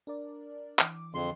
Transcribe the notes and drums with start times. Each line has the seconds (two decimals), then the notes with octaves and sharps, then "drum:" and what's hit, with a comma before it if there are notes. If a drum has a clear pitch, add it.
0.07 D4 A#4 D5
0.79 E3 D6, drum: clap
1.15 F2 D3 F3 G#4 C6